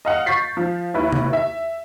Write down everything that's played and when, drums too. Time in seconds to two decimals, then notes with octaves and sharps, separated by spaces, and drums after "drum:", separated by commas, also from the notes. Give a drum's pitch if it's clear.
0.05 D#5 F5 F#5
0.26 C#6 G6 A6 B6 C7
0.57 F3
0.94 D#2 E4 B4
1.13 drum: tom C3
1.33 E5